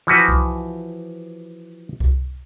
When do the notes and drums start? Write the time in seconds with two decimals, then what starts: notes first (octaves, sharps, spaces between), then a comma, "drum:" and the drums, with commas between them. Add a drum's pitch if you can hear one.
0.07 E3 F3 F#4 B4
0.28 drum: kick C2
2.00 drum: kick C2